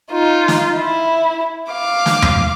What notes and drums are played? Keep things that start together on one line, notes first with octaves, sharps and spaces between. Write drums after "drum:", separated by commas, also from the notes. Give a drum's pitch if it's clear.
D#4 F4
drum: snare
E4
F5 D6
drum: snare
drum: tom E2